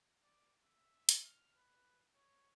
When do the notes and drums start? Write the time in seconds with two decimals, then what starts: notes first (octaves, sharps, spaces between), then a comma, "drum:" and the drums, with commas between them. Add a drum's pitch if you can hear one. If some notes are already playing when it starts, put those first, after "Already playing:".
0.24 D5
0.63 E5
1.09 drum: hi-hat
1.25 F6
1.57 B4
2.15 C#5